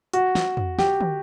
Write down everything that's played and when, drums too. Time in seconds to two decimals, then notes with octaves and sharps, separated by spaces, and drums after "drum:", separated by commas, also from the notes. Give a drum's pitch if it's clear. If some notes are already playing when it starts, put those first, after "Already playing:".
0.13 F#4, drum: hi-hat
0.35 drum: snare
0.57 drum: tom
0.79 G4, drum: snare
1.00 drum: tom